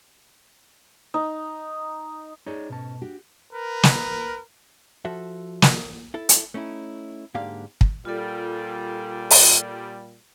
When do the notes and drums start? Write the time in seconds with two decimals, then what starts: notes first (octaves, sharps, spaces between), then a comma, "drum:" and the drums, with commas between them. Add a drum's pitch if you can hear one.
1.14 D#4
2.46 G#3 D#4 G#4 A4 C#5 D5
2.70 G#2 B2 C#4 A5
3.02 D4 F#4 G4
3.52 A#4 B4
3.83 drum: snare
5.05 F3 F#4 A4 E5
5.62 drum: snare
6.14 E4 A4
6.29 drum: hi-hat
6.54 A3 C#4 D#4 E4
7.34 G#2 D3 A#3 G4 D5 F5
7.81 drum: kick
8.05 A#2 G3 F4 A4
9.31 drum: open hi-hat